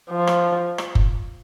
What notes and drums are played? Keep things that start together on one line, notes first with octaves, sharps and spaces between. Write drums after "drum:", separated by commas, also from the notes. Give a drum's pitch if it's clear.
F3
drum: rim click
drum: rim click
drum: kick F#1